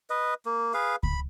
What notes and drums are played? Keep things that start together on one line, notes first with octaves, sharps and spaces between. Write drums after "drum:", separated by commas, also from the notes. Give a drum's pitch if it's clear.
B4 D#5
A#3
G#4 B4 F5
B5, drum: kick C#2